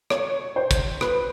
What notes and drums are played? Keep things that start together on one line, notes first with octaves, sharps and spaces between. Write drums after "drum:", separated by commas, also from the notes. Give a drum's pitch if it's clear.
C#5, drum: rim click
C5
drum: kick, hi-hat
B4, drum: rim click